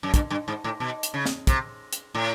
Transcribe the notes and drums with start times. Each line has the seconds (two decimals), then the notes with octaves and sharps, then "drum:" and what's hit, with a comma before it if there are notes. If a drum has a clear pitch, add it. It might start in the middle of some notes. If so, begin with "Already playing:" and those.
0.03 F#2
0.14 G2, drum: kick, hi-hat
0.30 G2
0.48 G#2
0.64 A2
0.80 B2
1.03 drum: hi-hat
1.14 C#3
1.26 drum: snare
1.47 C3, drum: kick, hi-hat
1.93 drum: hi-hat
2.15 A2